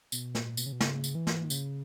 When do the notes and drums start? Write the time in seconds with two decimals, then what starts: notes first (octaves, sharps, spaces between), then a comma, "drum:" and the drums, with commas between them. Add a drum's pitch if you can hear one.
0.12 B2, drum: tambourine
0.35 A#2, drum: snare
0.57 B2, drum: tambourine
0.66 C#3
0.72 B2
0.81 C#3, drum: snare
1.04 drum: tambourine
1.15 E3
1.27 drum: snare
1.44 D#3
1.50 C#3, drum: tambourine